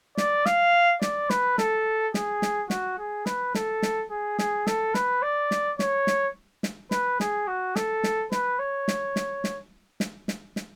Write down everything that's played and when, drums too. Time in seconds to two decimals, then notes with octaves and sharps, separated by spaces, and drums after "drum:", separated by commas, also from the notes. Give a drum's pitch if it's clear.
0.17 D5, drum: snare
0.46 F5, drum: snare
1.02 D5, drum: snare
1.30 B4, drum: snare
1.58 A4, drum: snare
2.14 G#4, drum: snare
2.42 drum: snare
2.70 F#4, drum: snare
2.99 G#4
3.26 B4, drum: snare
3.55 A4, drum: snare
3.83 drum: snare
4.10 G#4
4.39 G#4, drum: snare
4.67 A4, drum: snare
4.94 B4, drum: snare
5.23 D5
5.51 drum: snare
5.79 C#5, drum: snare
6.07 drum: snare
6.63 drum: snare
6.91 B4, drum: snare
7.20 G#4, drum: snare
7.48 F#4
7.76 A4, drum: snare
8.04 drum: snare
8.32 B4, drum: snare
8.59 C#5
8.88 drum: snare
9.16 drum: snare
9.44 drum: snare
10.00 drum: snare
10.28 drum: snare
10.56 drum: snare